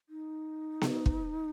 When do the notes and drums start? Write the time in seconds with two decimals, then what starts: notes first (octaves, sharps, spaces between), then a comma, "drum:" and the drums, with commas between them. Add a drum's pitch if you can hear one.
0.09 D#4
0.81 drum: snare B3
1.06 drum: kick